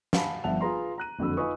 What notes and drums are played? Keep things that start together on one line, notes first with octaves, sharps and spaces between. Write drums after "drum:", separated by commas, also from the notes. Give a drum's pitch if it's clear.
F5 F#5 G#5 A5 B5, drum: snare
G1 F3 E5 F#5 A5 F7
F4 G#4 B4 A#5 C6
A#5 F#6 D#7
F#1 F2 D3 F#4 B5 E6
D#4 F4 B4 G#5 C#6 D#6